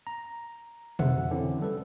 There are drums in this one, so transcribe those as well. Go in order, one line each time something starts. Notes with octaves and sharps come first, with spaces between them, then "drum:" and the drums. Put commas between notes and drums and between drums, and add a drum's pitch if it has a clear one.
A#5
F2 D#3 C5 E5 F#5, drum: tom B2
D3 E3 C4 C#4 E4
F#3 G3 A4 B4